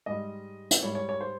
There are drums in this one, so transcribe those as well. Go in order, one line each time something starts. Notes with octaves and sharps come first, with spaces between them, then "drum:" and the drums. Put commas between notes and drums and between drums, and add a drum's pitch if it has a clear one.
G#2 G3 D#5
drum: hi-hat
G#2 G3 C#5
C#5
C#5
C5